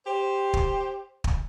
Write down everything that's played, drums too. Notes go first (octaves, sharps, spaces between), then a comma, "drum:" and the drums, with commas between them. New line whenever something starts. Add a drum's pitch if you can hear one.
G4 C5
drum: kick
drum: kick